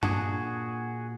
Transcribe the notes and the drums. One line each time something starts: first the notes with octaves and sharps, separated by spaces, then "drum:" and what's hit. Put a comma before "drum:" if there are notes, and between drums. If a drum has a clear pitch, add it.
A#2 D4 F#4 G#4 A5, drum: tom G2